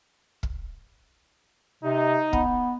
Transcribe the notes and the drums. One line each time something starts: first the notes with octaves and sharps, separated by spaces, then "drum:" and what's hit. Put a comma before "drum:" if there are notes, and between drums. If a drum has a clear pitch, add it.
drum: kick
C3 D#4
B3, drum: kick